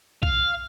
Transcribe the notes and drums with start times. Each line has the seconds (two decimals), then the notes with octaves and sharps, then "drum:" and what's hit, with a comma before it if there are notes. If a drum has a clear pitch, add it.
0.23 F5, drum: kick B1